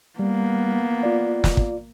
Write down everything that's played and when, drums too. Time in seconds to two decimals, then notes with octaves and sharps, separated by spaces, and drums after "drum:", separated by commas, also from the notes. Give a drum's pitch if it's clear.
0.19 G3 A#3 B3
1.03 F4 D5
1.44 drum: snare
1.57 drum: kick